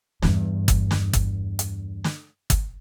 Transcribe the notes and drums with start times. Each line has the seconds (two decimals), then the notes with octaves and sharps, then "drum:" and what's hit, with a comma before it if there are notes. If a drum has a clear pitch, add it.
0.22 E2 G2, drum: snare
0.68 drum: kick G1, hi-hat
0.91 drum: snare
1.13 drum: kick G1, hi-hat
1.59 drum: hi-hat
2.04 drum: snare
2.50 drum: kick G1, hi-hat